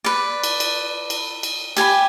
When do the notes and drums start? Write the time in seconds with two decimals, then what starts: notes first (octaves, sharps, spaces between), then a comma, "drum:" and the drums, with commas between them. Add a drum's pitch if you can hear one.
0.04 B4 D5
0.43 drum: cymbal
0.60 drum: cymbal
1.10 drum: cymbal
1.43 drum: cymbal
1.77 G4 G#5 A#5 B5, drum: cymbal